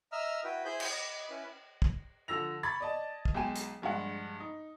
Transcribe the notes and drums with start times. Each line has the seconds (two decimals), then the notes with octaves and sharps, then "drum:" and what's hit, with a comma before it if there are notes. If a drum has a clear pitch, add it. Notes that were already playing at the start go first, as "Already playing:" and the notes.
0.12 D#5 E5 A#5 E6 F6
0.44 E4 F#4 B4 G5
0.65 E4 G#4 C5 G#5 B5 G6
0.80 drum: cymbal
0.92 D#5 B5 D6
1.30 C#4 E4 B4
1.82 drum: kick
2.28 D3 F3 A4 E6 A#6 F7
2.63 B5 C#6 G#6 A6
2.80 D5 D#5 A5
3.25 drum: kick
3.34 B1 G#3 G5 G#5 E7
3.56 drum: hi-hat
3.82 A#1 G2 G#3 F#5
4.40 D#4